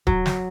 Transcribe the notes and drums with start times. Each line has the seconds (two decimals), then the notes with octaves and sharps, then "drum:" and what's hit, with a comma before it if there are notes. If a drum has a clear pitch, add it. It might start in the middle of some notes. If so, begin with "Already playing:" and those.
0.07 F#3, drum: kick D#1
0.26 drum: snare